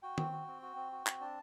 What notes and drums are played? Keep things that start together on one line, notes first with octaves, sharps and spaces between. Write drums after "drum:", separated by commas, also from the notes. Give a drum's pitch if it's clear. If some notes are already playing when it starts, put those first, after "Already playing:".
F#4 G5
C4, drum: tom
F#4
C4
F#4
C4
F#4
C4, drum: clap
D4 A5